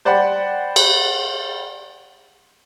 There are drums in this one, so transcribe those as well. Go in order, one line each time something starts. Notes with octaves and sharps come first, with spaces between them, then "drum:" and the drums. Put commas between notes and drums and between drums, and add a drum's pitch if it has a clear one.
C5 D5 F#5 G5 B5
drum: cymbal